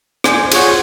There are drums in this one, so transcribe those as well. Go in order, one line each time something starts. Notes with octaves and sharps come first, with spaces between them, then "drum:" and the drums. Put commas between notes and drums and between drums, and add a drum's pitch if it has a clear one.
C5 D5 G#5, drum: rim click
F4 G#4 C5 C#5 F#5, drum: cymbal